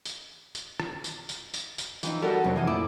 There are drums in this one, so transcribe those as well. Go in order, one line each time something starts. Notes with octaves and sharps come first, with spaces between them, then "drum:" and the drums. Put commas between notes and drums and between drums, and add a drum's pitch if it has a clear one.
drum: tambourine
drum: tambourine
drum: rim click
drum: tambourine
drum: tambourine
drum: tambourine
drum: tambourine
E3 F3 D#4 E5 G5, drum: tambourine
G3 A3 B3 F#4 A4 A#4 A#5
C2 F2 F#3 C4 D4
E3 A#3 D#5 G#5
A#2 D4 E4 D6